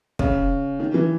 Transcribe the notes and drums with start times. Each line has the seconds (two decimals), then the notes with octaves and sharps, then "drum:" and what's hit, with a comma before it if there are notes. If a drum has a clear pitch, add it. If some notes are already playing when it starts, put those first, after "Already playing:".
0.19 C#3, drum: kick
0.80 D#3
0.94 E3